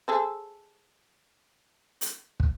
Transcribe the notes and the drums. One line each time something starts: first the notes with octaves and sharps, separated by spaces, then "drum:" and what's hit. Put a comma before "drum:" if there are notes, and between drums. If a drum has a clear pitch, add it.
G#4 A4 C5
drum: hi-hat
drum: kick